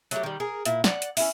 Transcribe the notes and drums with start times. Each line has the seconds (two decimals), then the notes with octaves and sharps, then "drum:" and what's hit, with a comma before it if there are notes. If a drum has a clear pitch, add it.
0.11 F#3 A3 E4 G4, drum: hi-hat
0.23 D#3 G3
0.40 G#4 A#4
0.65 A#2 E4, drum: hi-hat
0.84 D5 F#5, drum: snare
1.02 drum: hi-hat
1.17 C#4 E4, drum: open hi-hat